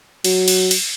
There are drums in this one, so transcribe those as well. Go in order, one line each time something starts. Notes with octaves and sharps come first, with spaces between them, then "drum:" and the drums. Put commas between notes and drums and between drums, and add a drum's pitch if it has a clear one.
F#3, drum: cymbal
drum: cymbal
drum: cymbal